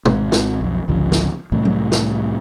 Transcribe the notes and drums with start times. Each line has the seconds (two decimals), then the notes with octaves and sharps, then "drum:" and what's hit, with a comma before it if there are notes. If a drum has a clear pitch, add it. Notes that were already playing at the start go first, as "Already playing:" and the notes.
0.05 G#1 G#3 C4, drum: tom
0.32 drum: snare
0.61 B1 F2
0.88 G#1 C#2 D3 F3
1.12 drum: snare
1.52 C2 A2 E3 A3
1.65 drum: tom F#3
1.92 drum: snare